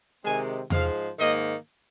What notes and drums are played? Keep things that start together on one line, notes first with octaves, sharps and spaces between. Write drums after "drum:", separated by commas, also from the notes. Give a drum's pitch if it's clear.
C3 D#3 G#3 C4 G#5
G#2 F3 G#3 F5, drum: tom E2
G#2 D#3 A#3 D#5